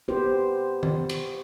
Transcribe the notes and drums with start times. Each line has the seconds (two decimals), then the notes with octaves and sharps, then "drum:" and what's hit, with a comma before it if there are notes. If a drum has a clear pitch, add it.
0.08 B3 G4 C5
0.83 drum: tom
1.09 drum: cymbal